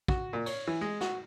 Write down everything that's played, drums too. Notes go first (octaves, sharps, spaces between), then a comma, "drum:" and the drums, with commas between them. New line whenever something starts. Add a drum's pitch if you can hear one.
F#4, drum: kick
A#2
C#5, drum: cymbal
E3
G#3
F#4, drum: snare